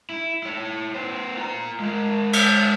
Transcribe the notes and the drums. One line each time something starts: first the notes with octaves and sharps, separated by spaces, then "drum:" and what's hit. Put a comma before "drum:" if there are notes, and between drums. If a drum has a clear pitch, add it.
E4
E4 C#5
B3 C5
F4 A#5
G#3 A#4
drum: cymbal